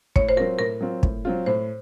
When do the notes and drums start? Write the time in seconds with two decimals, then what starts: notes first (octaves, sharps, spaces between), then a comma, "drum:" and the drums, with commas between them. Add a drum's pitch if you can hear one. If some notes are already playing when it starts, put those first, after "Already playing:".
0.16 A2 C#5, drum: kick
0.29 C5
0.37 F#3 C4 F4 A#4
0.59 A2 A#4
0.81 F#3 C4 F4
1.03 A2, drum: kick
1.25 F#3 C4 F4
1.46 A2 C5